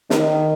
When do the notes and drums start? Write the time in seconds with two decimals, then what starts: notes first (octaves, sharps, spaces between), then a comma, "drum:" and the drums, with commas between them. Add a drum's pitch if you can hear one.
0.10 D#3, drum: snare